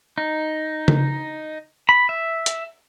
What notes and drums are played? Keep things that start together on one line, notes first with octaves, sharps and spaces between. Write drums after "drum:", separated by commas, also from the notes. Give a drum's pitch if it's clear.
D#4
drum: tom C#3
B5
E5
drum: hi-hat